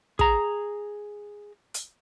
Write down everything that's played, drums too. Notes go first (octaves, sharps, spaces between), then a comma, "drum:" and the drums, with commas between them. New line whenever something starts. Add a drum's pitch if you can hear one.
G#4 A#5, drum: kick
drum: hi-hat